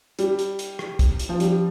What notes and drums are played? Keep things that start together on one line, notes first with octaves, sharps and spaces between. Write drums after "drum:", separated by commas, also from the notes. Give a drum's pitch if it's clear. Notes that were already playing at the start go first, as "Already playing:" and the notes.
G3, drum: hi-hat
drum: hi-hat
drum: hi-hat
drum: rim click
drum: kick, hi-hat
drum: hi-hat
F3
G3, drum: hi-hat